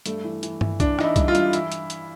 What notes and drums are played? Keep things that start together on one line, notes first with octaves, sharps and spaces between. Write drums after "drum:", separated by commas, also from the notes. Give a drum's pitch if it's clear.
G2 A3, drum: hi-hat
E3
E3, drum: hi-hat
E3, drum: tom G2
E3 D4, drum: kick C2, hi-hat
E3 D#4, drum: rim click
E4
G2, drum: kick C2, hi-hat
F4
G2, drum: hi-hat
E3 E4, drum: hi-hat
drum: hi-hat
drum: hi-hat